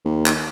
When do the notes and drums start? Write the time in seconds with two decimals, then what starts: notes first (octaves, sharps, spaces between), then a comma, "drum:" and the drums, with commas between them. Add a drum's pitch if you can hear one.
0.05 D#2
0.26 drum: clap